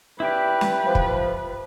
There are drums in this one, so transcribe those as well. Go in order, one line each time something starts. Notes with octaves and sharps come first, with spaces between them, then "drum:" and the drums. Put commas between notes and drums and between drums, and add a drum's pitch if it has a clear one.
E4 G4 B4 D5
drum: snare
F3
drum: kick